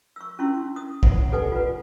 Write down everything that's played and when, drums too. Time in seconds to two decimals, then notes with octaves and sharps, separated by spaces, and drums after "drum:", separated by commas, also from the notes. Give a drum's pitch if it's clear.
0.16 C#6 E6
0.39 C#4 D4 E4 C6 C#6
0.76 D#6
1.03 F#5, drum: kick
1.32 G4 A4 B4 D5 F#5 G#5
1.52 F4 B4